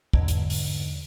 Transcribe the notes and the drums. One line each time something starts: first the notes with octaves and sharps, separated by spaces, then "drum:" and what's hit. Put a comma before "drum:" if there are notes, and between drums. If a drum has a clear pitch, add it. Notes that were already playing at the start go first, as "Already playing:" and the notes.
E2 G#2 D3, drum: kick
drum: hi-hat
drum: open hi-hat